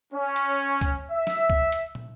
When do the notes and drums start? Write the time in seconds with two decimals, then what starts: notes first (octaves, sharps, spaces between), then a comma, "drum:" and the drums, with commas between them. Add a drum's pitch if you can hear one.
0.13 C#4
0.36 drum: hi-hat
0.81 drum: kick C#2, hi-hat
1.11 E5
1.27 drum: snare
1.50 drum: kick C#2
1.72 drum: hi-hat
1.95 drum: tom